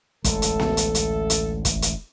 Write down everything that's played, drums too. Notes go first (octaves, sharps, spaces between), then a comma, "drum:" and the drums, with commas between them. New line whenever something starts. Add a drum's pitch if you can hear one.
A1 D2 G#3 A4, drum: kick, hi-hat
drum: hi-hat
drum: snare B3
drum: hi-hat
drum: hi-hat
drum: hi-hat
drum: kick, hi-hat
drum: hi-hat